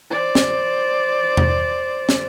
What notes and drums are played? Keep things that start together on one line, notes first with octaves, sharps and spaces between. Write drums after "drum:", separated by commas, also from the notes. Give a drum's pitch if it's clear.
C5 D5
drum: snare
drum: tom E2
drum: snare